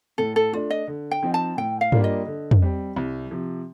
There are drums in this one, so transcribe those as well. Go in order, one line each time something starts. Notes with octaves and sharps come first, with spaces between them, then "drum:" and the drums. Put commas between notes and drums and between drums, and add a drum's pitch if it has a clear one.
A2 A4
A4
A3 D4 F4
D#5
D3
G5
F3 C4 D#4
A5
A2 G5
F5
G3 A#3 D4 F4, drum: tom G2
D#5
D3
drum: tom
G3 C4
C2
C3 F3